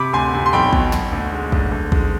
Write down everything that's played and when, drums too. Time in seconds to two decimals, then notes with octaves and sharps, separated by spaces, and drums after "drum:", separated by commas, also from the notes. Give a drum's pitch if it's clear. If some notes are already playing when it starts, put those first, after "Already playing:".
Already playing: C3 B5 D6
0.13 D2 G#5 C6
0.34 C3
0.46 C6
0.53 B1 G5 B5
0.73 B2, drum: kick
0.92 B1, drum: snare
1.12 D2
1.32 G#3
1.52 D2, drum: kick
1.71 D2
1.92 G#3, drum: kick